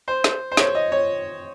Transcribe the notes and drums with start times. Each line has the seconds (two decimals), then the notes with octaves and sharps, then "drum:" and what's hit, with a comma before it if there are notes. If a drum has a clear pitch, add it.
0.08 C5
0.24 drum: snare
0.52 C5
0.57 C#5, drum: snare
0.75 D#5
0.92 C#5